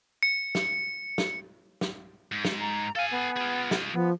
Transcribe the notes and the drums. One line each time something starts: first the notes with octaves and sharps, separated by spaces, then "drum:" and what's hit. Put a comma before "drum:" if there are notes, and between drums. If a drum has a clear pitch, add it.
C#7
drum: snare
drum: snare
drum: snare
G#2
drum: snare
A#5
A4 F5 G#5
B3
F4 G#4
drum: snare
F3 B3